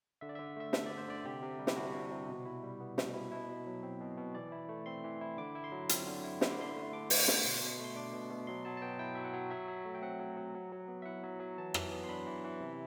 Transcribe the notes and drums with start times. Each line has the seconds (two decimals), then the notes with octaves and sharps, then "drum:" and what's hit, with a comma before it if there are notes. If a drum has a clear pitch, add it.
0.21 D3 E5
0.29 D5
0.35 D3 E5
0.57 A3 E5
0.73 D4 E5, drum: snare
0.86 D3 D5
0.98 C5
1.08 D3 D5
1.25 C3 G4
1.42 C3
1.59 G3
1.67 E4, drum: snare
1.76 D4 F#4
1.94 C3
2.11 C3
2.29 B2
2.45 E4
2.63 G3
2.81 B3
2.98 B2, drum: snare
3.14 E4
3.32 B2 E4
3.49 B2
3.67 F#3
3.83 C4
4.00 B2
4.18 B2
4.35 E3 D5
4.52 E4
4.69 A3
4.86 C4 C6
5.04 E3
5.21 E4
5.37 D3 D6
5.55 E4
5.64 C6
5.72 F#3
5.89 C4 B5, drum: hi-hat
6.06 D3
6.24 E4
6.41 D3 C6, drum: snare
6.51 D6
6.58 D3 C6
6.75 A3
6.93 D4 D6
7.10 D3, drum: open hi-hat
7.28 D3, drum: snare
7.45 B2 C6
7.61 B2
7.79 A3
7.84 C6
7.96 D4 D6
8.13 B2
8.30 B2
8.47 F#3 C6
8.65 F#3 A5
8.77 A5
8.82 B3 G5
8.99 E4 G5
9.15 F#3 E5
9.25 F#5
9.33 F#3
9.50 F#3 E5
9.68 F#3
9.85 A3
9.95 G5
10.02 C4 F#5
10.20 F#3
10.37 F#3
10.55 F#3
10.72 F#3
10.88 B3
11.02 E5
11.05 E4 F#5
11.24 F#3
11.40 F#3
11.58 E3 A5
11.74 E3, drum: rim click
11.92 B3
12.04 C6
12.09 D4 B5
12.26 E3
12.44 E3
12.60 C3